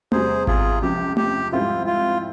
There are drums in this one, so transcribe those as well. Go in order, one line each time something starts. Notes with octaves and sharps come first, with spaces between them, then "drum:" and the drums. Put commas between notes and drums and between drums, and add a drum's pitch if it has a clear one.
E2 C3 G3 G#4 C5, drum: tom A3
F4 G#4, drum: kick G#1
C#2 C3 F3 G4
G4, drum: tom A3
G#2 G3 C4 E4 F4
F4